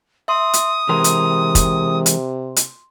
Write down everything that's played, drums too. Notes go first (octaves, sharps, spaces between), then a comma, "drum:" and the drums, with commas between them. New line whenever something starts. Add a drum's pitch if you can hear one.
E5 C6 D#6
drum: hi-hat
C3 E3 G#3 A#4 C6
drum: hi-hat
drum: kick, hi-hat
drum: hi-hat
drum: hi-hat